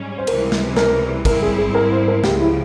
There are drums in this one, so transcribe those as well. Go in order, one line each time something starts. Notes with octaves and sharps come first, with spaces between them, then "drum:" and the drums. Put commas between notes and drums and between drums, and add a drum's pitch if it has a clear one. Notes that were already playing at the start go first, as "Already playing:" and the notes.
Already playing: G#2 G3 C#4
C5
C#2 C3 E3 G3 A#4, drum: cymbal
drum: snare
A#4, drum: snare
G#2 G3 C4 E4 A#4, drum: kick, cymbal
G#4
G#4
A#4
C5
A#4
C#2 C#3 F3 G4, drum: snare
E4